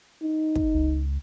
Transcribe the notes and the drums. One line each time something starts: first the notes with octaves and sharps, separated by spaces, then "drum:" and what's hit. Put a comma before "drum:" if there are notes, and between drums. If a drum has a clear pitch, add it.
D#4
drum: kick
C#2